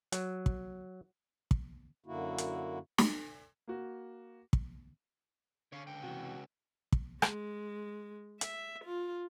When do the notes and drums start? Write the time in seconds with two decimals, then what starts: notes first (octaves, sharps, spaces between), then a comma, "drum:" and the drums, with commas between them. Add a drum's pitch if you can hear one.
0.12 F#3, drum: hi-hat
0.46 drum: kick
1.51 drum: kick
2.06 F#2 D3 A#3 E4 F#4
2.38 drum: hi-hat
2.98 drum: snare
3.68 A#3 F#4
4.53 drum: kick
5.72 D3 C#5 F5
5.87 C#2 G5
6.03 C3 E3 F#4
6.92 drum: kick
7.22 G#3, drum: rim click
8.41 E5, drum: hi-hat
8.85 F4